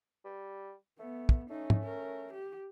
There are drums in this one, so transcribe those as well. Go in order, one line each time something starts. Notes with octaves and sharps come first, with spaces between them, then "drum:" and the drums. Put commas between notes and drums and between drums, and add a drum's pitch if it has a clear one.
G3
A3 B3
drum: kick
A3 C#4 D#4
drum: tom
A#4
G4